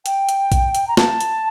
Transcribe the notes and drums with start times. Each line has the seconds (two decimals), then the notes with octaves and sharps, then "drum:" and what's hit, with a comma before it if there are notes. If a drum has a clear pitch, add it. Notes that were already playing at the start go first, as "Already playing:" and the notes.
0.06 G5, drum: hi-hat
0.29 drum: hi-hat
0.52 drum: kick, hi-hat
0.75 drum: hi-hat
0.88 A#5
0.97 A5, drum: snare
1.21 drum: hi-hat